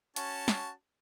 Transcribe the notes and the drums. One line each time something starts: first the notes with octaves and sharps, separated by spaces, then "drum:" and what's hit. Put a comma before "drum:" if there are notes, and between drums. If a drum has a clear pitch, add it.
C#4 F#4 A5, drum: hi-hat
drum: snare